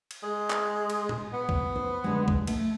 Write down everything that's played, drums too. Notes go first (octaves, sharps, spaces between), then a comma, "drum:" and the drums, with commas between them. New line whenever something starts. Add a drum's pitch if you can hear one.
drum: cymbal
G#3
drum: clap
drum: cymbal
drum: tom A#2
B3
drum: kick
C5
D3 G#3
drum: kick
A3, drum: cymbal